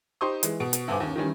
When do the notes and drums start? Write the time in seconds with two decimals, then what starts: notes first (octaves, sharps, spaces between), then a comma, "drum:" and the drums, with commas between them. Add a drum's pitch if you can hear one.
0.21 D#4 G4 C5 C6 C#6 D#6
0.43 E3 G#3, drum: hi-hat
0.60 B2 D7
0.73 drum: hi-hat
0.88 D2 G2 B4 C5 G#5 D6
1.00 D#2 C#4
1.16 D#3 E3 G3 C#4